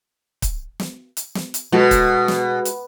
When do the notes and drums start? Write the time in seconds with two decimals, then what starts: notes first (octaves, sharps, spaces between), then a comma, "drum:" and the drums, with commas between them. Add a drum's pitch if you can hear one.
0.42 drum: kick C#1, hi-hat
0.79 drum: snare
1.17 drum: hi-hat
1.35 drum: snare
1.54 drum: hi-hat
1.72 B2 G#3 F#4 A4
1.91 drum: kick C#1, hi-hat
2.28 drum: snare
2.65 drum: hi-hat